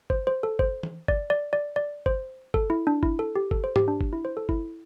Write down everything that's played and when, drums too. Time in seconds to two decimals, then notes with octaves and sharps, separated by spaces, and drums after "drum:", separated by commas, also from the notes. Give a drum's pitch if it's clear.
0.10 C5, drum: kick
0.27 C5
0.43 A4
0.59 C5, drum: kick
0.83 drum: tom E3
1.08 D5, drum: kick
1.30 D5
1.53 D5
1.76 D5
2.06 C5, drum: kick
2.54 A4, drum: kick
2.70 E4
2.87 D4
3.03 E4, drum: kick
3.19 A4
3.35 G4
3.51 A4, drum: kick
3.64 C5
3.76 G4, drum: tom G#2
3.88 D4
4.01 drum: kick
4.13 E4
4.25 C5
4.37 A4
4.49 E4, drum: kick